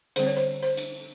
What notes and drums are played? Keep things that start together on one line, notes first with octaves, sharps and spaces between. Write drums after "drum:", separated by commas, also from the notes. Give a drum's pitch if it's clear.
D3 G3 C4 C5, drum: hi-hat
C#5
C5
C5
drum: hi-hat